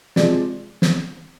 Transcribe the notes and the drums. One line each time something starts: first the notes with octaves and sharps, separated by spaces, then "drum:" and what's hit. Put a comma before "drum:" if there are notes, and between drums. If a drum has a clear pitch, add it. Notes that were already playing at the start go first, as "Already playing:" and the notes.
C3 F3 G#3 D5, drum: snare
drum: snare